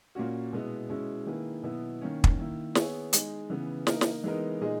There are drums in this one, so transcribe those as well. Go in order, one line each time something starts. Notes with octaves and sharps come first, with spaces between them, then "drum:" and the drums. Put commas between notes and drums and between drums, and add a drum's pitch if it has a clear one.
A#2 A#3 C#4 F#4
B2 G#3 B3 E4
B2 G#3 C#4 E4
D#3 A#3 E4 G#4 B4
B2 F#3 B3 E4
D#3 A#3 C#4
drum: kick
D#3 A#3 E4
B3 E4 G#4 C#5, drum: snare
G#3 D#4 G#4, drum: hi-hat
C#3 E3 B3
A#3 D#4 A#4, drum: snare
drum: snare
E3 G#3 B3 D#4 A#4
A#2 G#3 D#4 G#4 D#5